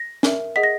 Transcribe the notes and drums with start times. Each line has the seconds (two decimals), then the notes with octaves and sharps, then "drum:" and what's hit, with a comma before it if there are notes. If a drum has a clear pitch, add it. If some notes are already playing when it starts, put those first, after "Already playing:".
Already playing: A#6
0.23 A#4 E5, drum: snare
0.56 G#4 D#5 F#5 B6
0.63 A#6